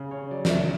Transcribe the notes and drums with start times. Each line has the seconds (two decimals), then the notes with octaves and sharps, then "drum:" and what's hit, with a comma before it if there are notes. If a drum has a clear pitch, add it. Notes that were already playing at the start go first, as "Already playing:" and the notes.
Already playing: C#3
0.11 C#5
0.31 F#3 D5
0.45 D5, drum: snare
0.49 E5